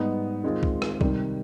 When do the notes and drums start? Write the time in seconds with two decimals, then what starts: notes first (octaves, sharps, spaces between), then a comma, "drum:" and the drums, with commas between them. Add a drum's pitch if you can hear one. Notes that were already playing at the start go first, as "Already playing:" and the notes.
Already playing: G#2 G3 B3 D#4
0.44 D#3 G#3 C4 F4
0.63 drum: kick B1
0.82 drum: rim click
1.01 C3 D#3 G3, drum: kick B1